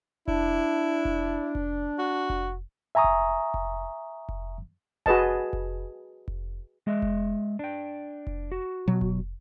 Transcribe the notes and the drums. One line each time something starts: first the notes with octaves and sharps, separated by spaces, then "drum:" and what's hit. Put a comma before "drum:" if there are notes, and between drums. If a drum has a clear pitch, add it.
D4 E4, drum: kick F1
drum: kick F1
drum: kick F1
F#4
drum: kick F1
E5 G#5 A#5 C#6 D#6
drum: kick F1
drum: kick F1
drum: kick F1
F#4 G#4 B4 D#5 A5, drum: kick F1
drum: kick F1
drum: kick F1
G#3 D#5 E5
drum: kick F1
D4 G5
drum: kick F1
F#4
B2 F#3
drum: kick F1